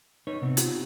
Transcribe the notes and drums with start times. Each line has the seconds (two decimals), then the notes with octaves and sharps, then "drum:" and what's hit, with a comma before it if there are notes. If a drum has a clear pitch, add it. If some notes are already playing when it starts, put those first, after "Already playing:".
0.27 D#4 B4 C#5
0.42 C3 B3 C4
0.57 D#4 F4 G4, drum: hi-hat